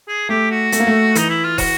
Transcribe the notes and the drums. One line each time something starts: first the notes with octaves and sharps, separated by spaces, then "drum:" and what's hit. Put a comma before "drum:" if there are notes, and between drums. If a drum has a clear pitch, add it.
G#4
A3 G4
F#4
A3, drum: hi-hat
A#3
A3
E3 D#4, drum: hi-hat
E4
F4
F#4, drum: kick, open hi-hat